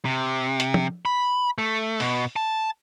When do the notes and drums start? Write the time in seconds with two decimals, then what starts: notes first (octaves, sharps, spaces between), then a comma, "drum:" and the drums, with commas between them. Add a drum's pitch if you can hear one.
0.05 C3
0.60 drum: hi-hat
0.74 drum: tom
1.05 B5
1.58 A3
2.00 B2, drum: open hi-hat
2.36 A5